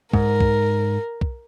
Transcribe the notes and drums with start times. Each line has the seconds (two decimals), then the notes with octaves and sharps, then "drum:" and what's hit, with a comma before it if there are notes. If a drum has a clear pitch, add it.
0.13 G#2 A#4, drum: kick
0.40 drum: kick
1.21 drum: kick